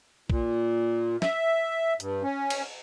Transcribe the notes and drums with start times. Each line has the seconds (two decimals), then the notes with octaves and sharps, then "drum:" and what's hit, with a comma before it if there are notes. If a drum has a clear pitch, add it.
0.30 A#2, drum: kick B1
1.22 E5, drum: snare
2.00 G2, drum: hi-hat
2.23 C#4
2.50 drum: cymbal